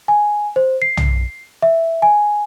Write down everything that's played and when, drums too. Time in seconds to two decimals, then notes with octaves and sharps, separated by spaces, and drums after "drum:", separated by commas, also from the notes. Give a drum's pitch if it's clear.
0.08 G#5
0.56 C5
0.82 C7
0.97 drum: tom
1.62 E5
2.02 G#5